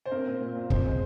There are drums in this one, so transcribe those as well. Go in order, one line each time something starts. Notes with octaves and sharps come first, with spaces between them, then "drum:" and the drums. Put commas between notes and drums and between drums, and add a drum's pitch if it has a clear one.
C5
C4 A#4
A#2
A#2
A#2
C4 C5, drum: kick
G#3